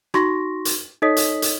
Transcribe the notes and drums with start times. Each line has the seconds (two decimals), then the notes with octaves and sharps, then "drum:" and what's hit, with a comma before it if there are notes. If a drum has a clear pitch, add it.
0.14 D#4 F#4 C6 C#6 A#6, drum: rim click
0.65 drum: hi-hat
1.02 D#4 A4 C#5 D#5 D#6 B6
1.17 drum: hi-hat
1.42 drum: hi-hat